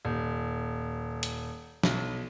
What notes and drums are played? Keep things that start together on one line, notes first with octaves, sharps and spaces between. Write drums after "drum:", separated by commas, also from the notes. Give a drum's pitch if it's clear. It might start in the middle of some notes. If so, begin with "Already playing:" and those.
D#1
drum: hi-hat
B1, drum: snare